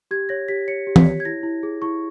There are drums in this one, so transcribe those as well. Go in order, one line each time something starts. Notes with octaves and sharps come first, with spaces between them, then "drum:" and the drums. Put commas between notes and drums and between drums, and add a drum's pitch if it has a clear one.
G4 G#6
C#5 A#6
G4 B6
C#5 C#7
G4
B6, drum: tom E3
C#5
G#6
E4 A#6
E4
G#4
E4 C#6